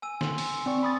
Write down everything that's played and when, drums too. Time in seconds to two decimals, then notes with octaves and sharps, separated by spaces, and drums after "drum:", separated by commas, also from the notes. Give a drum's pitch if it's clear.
0.02 G#5 E6 D#7
0.21 C6, drum: snare
0.38 drum: open hi-hat
0.66 C4 D5 C#6
0.83 B5 D#6 A6